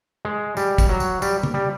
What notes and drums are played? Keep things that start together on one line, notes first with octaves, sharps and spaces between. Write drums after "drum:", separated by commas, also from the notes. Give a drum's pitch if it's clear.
G#3
G3, drum: tambourine
drum: kick, tambourine
F#3
drum: tambourine
G3, drum: tambourine
drum: tom C#3
G3